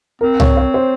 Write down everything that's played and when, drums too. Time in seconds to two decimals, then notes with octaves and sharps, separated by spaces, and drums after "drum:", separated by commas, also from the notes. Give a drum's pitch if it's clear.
0.21 C4 A#4
0.40 C#5, drum: tom C2
0.57 C#5
0.74 C5